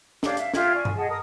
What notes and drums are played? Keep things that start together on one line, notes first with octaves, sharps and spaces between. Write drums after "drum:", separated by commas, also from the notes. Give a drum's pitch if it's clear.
D4 G4 C#5 F5, drum: snare
E5 F5, drum: hi-hat
F4 G4 E5 G#6, drum: snare
D5 G#5 C#6
drum: tom G2
G#4 D#5 F#5 A5
A#4 D#6